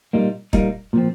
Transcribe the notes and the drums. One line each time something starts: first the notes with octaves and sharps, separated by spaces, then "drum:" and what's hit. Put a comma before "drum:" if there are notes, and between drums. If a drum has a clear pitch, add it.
A#2 G3 A#3 D#4
A#2 G3 A#3 D#4, drum: kick
A#2 F3 C4